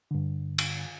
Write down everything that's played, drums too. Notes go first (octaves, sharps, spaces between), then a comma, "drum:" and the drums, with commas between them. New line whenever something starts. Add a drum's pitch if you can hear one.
G2 D3
drum: cymbal